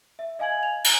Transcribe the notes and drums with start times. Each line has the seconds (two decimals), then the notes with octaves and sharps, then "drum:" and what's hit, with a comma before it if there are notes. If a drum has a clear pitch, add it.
0.19 E5
0.39 D#5 F5 G#5 G#6 F#7
0.63 F7
0.84 G#5 A#5 F#6, drum: cymbal